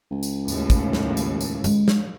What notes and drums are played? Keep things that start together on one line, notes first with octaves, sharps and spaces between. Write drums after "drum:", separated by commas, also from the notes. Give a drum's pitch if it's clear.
C#2
drum: tambourine
D#2 A2, drum: tambourine
drum: kick, tambourine
drum: snare
drum: tambourine
drum: tambourine
G#3, drum: tambourine
drum: snare